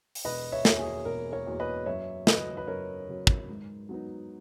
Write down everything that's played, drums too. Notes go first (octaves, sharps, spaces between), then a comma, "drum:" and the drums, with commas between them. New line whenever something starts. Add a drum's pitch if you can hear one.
drum: open hi-hat
E1 B4 D#5
C#5 E5
E2 B2 A#3, drum: snare
G#4
E1 A#4
A#4 C#5
E2 B2 A#3
B4 D#5
F#2 C#5 E5
C#3 F#3 C#4 B4 D#5, drum: snare
B4
F#2 A#4 C#5
C#3 F#3 C#4
drum: kick
G#2
F#3 B3 D#4